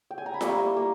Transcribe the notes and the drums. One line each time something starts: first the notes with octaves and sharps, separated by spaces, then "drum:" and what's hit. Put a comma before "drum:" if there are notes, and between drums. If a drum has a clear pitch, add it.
G5
G#5
A#5
B5
G3 A#3 E4 C#6, drum: snare F4
A#3